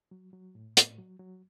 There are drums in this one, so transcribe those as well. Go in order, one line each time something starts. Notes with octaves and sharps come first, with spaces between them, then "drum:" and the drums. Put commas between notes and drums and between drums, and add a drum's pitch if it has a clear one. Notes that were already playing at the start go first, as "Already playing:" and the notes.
F#3
F#3
A2
A2, drum: hi-hat
F#3
F#3